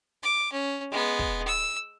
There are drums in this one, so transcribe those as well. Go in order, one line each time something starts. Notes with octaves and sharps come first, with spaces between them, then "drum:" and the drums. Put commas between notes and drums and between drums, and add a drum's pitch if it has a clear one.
D6
C#4
G#3 B3
drum: kick
E6